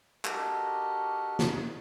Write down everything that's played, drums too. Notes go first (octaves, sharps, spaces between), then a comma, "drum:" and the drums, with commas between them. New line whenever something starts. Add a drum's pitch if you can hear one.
D4 F#4 G4 A4 A#4 D#5, drum: clap
drum: snare